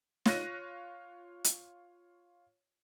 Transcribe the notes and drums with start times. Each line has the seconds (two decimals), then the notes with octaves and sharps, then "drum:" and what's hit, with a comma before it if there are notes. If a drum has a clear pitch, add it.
0.26 F4 C#5 C#6 F#6 A#6 D#7, drum: snare
1.44 drum: hi-hat